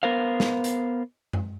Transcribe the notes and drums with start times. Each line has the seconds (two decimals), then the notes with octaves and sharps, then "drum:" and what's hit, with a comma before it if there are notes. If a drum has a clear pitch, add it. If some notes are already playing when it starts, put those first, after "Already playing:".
0.03 B3 A#4 C5 F5
0.40 drum: snare
0.64 drum: hi-hat
1.33 drum: tom F#2